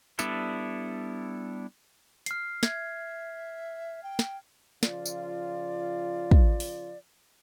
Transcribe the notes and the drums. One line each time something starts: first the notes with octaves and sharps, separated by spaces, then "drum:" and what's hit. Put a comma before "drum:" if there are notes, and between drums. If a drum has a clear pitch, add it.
G3 B3 D4 E4 A4, drum: tambourine
F6 C7, drum: hi-hat
E5 G#6, drum: snare
G5
drum: snare
C#3 F3 F4 D5, drum: snare
drum: tambourine
drum: kick
drum: open hi-hat